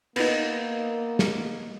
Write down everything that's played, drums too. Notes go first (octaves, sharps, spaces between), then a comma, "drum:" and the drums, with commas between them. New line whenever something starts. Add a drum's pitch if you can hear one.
A#3 B3 D#4, drum: cymbal
drum: snare